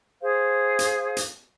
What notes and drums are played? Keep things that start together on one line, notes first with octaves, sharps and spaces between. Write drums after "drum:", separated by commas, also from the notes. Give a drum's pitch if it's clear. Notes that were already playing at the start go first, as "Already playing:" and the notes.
G#4 C5 F5
drum: hi-hat
drum: hi-hat